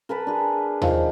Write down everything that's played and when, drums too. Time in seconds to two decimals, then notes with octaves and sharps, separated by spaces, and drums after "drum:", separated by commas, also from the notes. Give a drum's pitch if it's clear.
0.09 A#4 B4 A5 B5
0.27 D4 G#4
0.81 D#3 F3 F5, drum: tom D#2